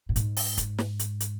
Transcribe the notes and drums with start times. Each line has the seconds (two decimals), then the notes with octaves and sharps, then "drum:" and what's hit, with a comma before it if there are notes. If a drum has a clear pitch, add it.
0.09 A2
0.16 G#2, drum: hi-hat
0.36 drum: open hi-hat
0.57 drum: kick, hi-hat
0.78 drum: snare
0.99 drum: hi-hat
1.20 drum: hi-hat